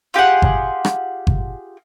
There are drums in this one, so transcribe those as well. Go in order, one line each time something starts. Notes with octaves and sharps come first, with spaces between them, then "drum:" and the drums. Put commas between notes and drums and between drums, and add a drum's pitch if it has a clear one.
F4 G4 G#4 F#5
drum: kick G1
drum: rim click
drum: kick G1